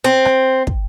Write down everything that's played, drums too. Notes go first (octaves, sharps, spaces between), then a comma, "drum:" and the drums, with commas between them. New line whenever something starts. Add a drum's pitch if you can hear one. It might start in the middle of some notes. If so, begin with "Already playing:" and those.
C4
drum: rim click
drum: kick